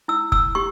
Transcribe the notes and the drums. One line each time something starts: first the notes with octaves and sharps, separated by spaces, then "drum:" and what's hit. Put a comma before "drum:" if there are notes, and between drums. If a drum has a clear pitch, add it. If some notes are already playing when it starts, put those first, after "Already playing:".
E4 E6
E6, drum: kick F1
G4 C#6